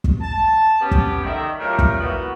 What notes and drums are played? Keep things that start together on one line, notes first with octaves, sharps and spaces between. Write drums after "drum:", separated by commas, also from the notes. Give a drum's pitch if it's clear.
drum: kick
A5
B3 C#4 G4
drum: kick
D3 D#3 D#4 D#5 E5
F#3 A3 D4 F4 G4 A#4
drum: kick
A#3 B3 E4 F#4